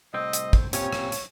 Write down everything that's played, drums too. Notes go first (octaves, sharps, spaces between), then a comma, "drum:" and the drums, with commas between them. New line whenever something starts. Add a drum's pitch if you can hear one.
C2 A2 C4 D#5
drum: hi-hat
drum: kick
A#2 C4 C#4 G4 C#5 G5, drum: hi-hat
drum: rim click
drum: hi-hat